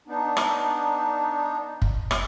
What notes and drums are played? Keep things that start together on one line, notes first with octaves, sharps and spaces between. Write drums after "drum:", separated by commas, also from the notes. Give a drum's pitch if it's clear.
B3 D4 D#4
drum: rim click
drum: kick
drum: rim click